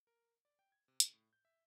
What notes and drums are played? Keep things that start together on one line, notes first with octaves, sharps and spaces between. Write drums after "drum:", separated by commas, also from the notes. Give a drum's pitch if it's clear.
A#4
D5
G5
G#6
C3
C#3, drum: hi-hat
A2
G6
E5